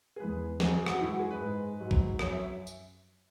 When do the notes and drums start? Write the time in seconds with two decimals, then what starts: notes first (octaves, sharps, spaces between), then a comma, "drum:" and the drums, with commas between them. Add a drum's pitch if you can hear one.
0.16 G#4
0.20 E2 E3 G#3 B4
0.60 F#2 F#3 G#4, drum: snare
0.76 G#4
0.86 F#4, drum: rim click
1.00 F#2 E3 G#3 E4
1.10 F#4
1.20 G#4
1.30 B4
1.40 G#2 G#3
1.80 G#2 F#3
1.91 drum: kick A1
2.19 F#2 F#3 C#5, drum: rim click
2.33 E5
2.67 drum: tambourine